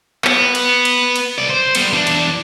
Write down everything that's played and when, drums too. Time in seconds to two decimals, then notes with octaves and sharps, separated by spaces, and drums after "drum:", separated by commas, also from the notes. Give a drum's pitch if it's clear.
0.24 B3, drum: clap
0.55 drum: cymbal
0.85 drum: cymbal
1.16 drum: cymbal
1.38 C2 D5
1.50 C5
1.75 G3 B3, drum: cymbal
1.93 E2 D4
2.07 drum: cymbal